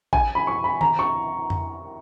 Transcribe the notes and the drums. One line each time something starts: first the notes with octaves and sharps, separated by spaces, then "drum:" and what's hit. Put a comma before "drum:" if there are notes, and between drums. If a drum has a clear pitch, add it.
G#5, drum: kick A1
B5
C#6
B5
A#5, drum: tom D#3
C#6
drum: tom F2